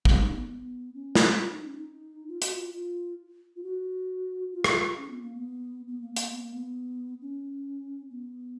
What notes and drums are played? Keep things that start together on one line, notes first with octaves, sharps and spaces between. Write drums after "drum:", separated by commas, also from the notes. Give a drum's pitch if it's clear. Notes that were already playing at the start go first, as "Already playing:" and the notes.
B3, drum: kick
D#4
B3
B3
C#4
drum: snare
F4
D#4
C#4
D#4
F4
F#4, drum: hi-hat
F4
F4
F4
F#4
F4
drum: rim click
C#4
B3
A#3
B3
B3
A#3
B3
A#3, drum: hi-hat
B3
A#3
B3
C#4
B3